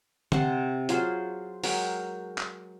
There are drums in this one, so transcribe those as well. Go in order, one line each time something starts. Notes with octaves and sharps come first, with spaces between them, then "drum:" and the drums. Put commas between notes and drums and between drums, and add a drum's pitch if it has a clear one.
C3 F#5 A5 C6, drum: tom
F#3 F4 G#4 C5, drum: hi-hat
F#3 G#3 A#4 G5, drum: open hi-hat
drum: clap